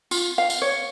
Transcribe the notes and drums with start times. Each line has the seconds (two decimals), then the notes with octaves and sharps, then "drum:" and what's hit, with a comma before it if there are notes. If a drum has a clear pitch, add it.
0.11 F4, drum: tambourine
0.38 F5
0.50 drum: tambourine
0.62 C#5